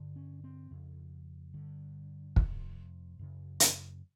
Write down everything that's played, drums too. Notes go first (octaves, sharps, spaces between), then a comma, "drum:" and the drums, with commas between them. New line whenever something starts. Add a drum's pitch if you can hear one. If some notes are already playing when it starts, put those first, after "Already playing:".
Already playing: G2 D3
C#4
C4
F2 C#3
G2 D3
F2 C3, drum: kick
F#2 C#3
drum: hi-hat